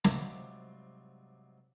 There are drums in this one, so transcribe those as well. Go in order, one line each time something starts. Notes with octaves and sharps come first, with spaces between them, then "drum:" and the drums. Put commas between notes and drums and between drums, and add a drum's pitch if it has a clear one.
G#2 C3 F#3 G3 F4 G4, drum: snare